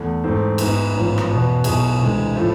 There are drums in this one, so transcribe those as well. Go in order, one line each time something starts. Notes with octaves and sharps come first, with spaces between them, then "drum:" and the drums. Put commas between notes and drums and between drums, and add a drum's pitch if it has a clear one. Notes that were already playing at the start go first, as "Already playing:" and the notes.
Already playing: E2 A3
G#2 E3 A3 C4
G#2 G#3 B3 E4, drum: cymbal
A1 G#2 F3 B3
drum: rim click
E2 B2 B3
B1 B2 B3 E4 G#4, drum: cymbal
D2 C3 E3 G#3
A2 F3 A3 E4